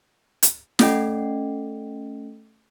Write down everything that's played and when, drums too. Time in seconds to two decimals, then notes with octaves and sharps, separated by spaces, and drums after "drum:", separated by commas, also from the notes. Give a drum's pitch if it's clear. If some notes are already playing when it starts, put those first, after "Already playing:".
0.43 drum: hi-hat
0.79 A3 C#4 A4 D#5 G5, drum: snare